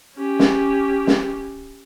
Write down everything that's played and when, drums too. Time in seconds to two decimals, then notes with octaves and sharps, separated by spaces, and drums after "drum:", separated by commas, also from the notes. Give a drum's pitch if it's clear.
0.17 C#4 G4
0.39 drum: snare
1.07 drum: snare